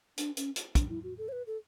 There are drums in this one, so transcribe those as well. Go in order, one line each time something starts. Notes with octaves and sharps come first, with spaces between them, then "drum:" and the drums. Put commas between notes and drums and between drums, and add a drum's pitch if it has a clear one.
D4, drum: hi-hat
C#4, drum: hi-hat
drum: hi-hat
D4, drum: kick, hi-hat
E4
F#4
A4
C#5
B4
A4